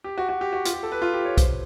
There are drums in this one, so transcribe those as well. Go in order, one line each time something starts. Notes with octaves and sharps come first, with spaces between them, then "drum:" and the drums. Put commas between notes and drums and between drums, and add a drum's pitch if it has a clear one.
G4
F#4
F#4
G4
F#4
F4, drum: hi-hat
G4
A4
B4
F4
G4
C#5
C5, drum: kick B1, hi-hat